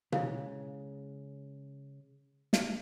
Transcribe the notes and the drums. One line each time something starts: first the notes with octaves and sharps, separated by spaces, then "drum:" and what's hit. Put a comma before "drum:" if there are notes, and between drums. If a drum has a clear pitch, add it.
C#3 G#3 E4 F5, drum: tom B2
drum: snare